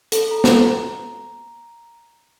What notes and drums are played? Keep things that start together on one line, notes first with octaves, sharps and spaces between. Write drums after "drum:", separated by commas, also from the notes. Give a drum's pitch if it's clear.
A4, drum: hi-hat
A#5
drum: snare